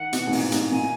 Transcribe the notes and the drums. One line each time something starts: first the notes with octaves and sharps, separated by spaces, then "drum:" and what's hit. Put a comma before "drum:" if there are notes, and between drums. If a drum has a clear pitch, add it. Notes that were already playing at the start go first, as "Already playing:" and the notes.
Already playing: D#3 F#5
B2, drum: hi-hat
G#2
A#2, drum: open hi-hat
G#2, drum: hi-hat
A#2 G#5